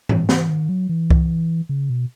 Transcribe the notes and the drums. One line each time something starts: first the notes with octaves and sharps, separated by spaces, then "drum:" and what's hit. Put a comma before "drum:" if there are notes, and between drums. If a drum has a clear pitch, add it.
E3, drum: tom G#2
E3, drum: snare
D#3
F#3
E3
drum: kick C2
C#3
B2